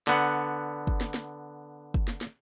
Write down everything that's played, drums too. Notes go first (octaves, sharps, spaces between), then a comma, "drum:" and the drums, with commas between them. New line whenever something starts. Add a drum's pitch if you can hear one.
D3 B3 F#5, drum: snare
drum: kick
drum: snare
drum: snare
drum: kick
drum: snare
drum: snare